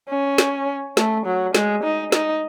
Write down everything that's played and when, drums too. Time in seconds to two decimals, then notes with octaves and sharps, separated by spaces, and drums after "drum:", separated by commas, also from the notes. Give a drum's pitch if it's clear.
0.09 C#4
0.38 drum: snare
0.97 A3, drum: snare
1.26 F#3
1.55 G#3, drum: snare
1.83 D#4
2.12 D#4, drum: snare